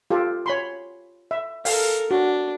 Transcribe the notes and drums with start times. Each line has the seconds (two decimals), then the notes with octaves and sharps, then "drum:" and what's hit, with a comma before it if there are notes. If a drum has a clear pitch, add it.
0.11 F4 G4 A4
0.46 C#5 B5 C6
1.31 E5
1.65 A4 A#4 F5, drum: open hi-hat
2.11 D4 F#4